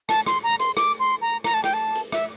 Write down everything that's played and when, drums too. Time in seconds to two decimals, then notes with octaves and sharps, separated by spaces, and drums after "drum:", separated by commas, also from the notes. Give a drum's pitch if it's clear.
0.09 A5, drum: rim click
0.26 C6, drum: rim click
0.44 A#5
0.59 C6, drum: hi-hat
0.77 D6, drum: rim click
1.00 C6
1.22 A#5
1.44 A#5, drum: rim click
1.54 A5
1.64 G5, drum: rim click
1.73 A5
1.95 drum: hi-hat
2.12 E5, drum: rim click